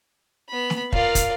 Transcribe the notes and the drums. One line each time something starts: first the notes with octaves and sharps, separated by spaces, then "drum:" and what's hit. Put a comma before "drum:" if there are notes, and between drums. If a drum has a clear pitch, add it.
B3 B5
drum: snare
F4 A#4 D5 F5, drum: kick
drum: kick, hi-hat